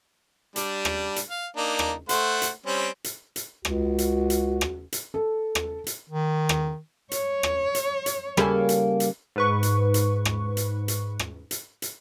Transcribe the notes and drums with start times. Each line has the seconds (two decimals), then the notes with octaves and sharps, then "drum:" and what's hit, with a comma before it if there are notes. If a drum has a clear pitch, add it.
0.56 G3 D4, drum: hi-hat
0.85 drum: rim click
1.16 drum: hi-hat
1.30 F5
1.56 A#3 D4 D#4
1.79 drum: rim click
2.09 A3 C5 F#5, drum: hi-hat
2.42 drum: hi-hat
2.66 G3 C4 C#4
3.04 drum: hi-hat
3.36 drum: hi-hat
3.65 C#2 F#4, drum: rim click
3.98 drum: hi-hat
4.30 drum: hi-hat
4.61 drum: rim click
4.92 drum: hi-hat
5.14 A4
5.55 drum: rim click
5.87 drum: hi-hat
6.10 D#3
6.49 drum: rim click
7.11 C#5, drum: hi-hat
7.43 drum: rim click
7.75 drum: hi-hat
8.06 drum: hi-hat
8.37 C#3 G3 A#3 G#4 A4 B5, drum: rim click
8.69 drum: hi-hat
9.00 drum: hi-hat
9.36 G#2 B4 C#6
9.63 drum: hi-hat
9.94 drum: hi-hat
10.25 drum: rim click
10.57 drum: hi-hat
10.88 drum: hi-hat
11.19 drum: rim click
11.51 drum: hi-hat
11.82 drum: hi-hat